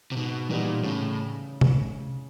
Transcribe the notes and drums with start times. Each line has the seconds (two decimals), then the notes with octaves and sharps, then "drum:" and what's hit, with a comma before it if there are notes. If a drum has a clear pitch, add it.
0.12 C3
0.16 G#2 B2
0.49 A#2 E3 G3 B3 D#4
0.83 A2 C#3
1.61 drum: tom C3